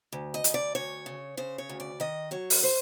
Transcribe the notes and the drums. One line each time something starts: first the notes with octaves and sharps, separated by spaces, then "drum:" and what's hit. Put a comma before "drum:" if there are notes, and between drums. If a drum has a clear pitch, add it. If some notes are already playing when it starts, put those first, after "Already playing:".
D2
D#5
D2, drum: hi-hat
D5
D2 C#5
C#3
C#3 C5
C#5
D2
D5
D#3 D#5
F#3 C#5
drum: open hi-hat
C5